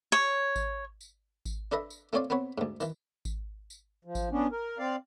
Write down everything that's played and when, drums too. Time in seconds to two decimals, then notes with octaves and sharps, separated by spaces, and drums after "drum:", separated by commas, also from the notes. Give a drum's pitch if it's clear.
0.12 C#5
0.56 drum: kick G#1, tambourine
1.01 drum: tambourine
1.45 drum: kick G#1, tambourine
1.72 D4 A4 B4 D#5 E5
1.90 drum: tambourine
2.13 A3 C4 F4 C#5 D5 F5
2.30 B3 C4 B4 C#5
2.58 D2 G#2
2.80 D#3 E3, drum: tambourine
3.25 drum: kick G#1, tambourine
3.70 drum: tambourine
4.05 F3
4.15 drum: kick G#1, tambourine
4.31 B3 C#4 D4
4.52 A#4
4.79 C4 D5 F5